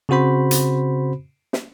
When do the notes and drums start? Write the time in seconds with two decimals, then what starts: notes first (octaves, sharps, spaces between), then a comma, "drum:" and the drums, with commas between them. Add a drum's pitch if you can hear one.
0.09 C#3 C4 F#4 C5 B5
0.51 drum: hi-hat
1.53 drum: snare